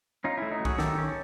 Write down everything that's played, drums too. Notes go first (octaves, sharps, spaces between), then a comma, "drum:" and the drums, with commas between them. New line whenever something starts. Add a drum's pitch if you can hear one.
C#4 D#4 F4
A3 E4
D#4
F#3
F#4 G#4, drum: kick
D#3 G4 A4, drum: snare
C#4